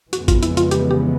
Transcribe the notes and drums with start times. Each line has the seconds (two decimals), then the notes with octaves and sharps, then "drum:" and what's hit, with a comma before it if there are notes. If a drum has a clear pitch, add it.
0.13 F2 C#3 E3 G#3 B3 F#4, drum: hi-hat
0.28 F4, drum: kick G#1, hi-hat
0.43 E4, drum: hi-hat
0.57 F4, drum: hi-hat
0.71 G4, drum: hi-hat
0.91 G4